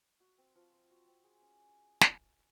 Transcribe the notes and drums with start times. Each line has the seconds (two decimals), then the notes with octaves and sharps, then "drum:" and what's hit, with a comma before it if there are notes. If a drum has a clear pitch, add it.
0.20 F#4
0.38 C4
0.55 F3
0.72 C5
0.90 F#4
1.07 C4
1.24 G#4
1.42 C#4
2.01 drum: snare